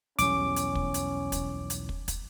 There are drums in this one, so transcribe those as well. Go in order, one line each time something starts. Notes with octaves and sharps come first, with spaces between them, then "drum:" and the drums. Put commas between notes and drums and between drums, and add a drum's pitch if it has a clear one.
B1 E2 G3 C#4 D6, drum: hi-hat
drum: hi-hat
drum: kick
drum: hi-hat
drum: kick, hi-hat
drum: hi-hat
drum: kick
drum: kick, hi-hat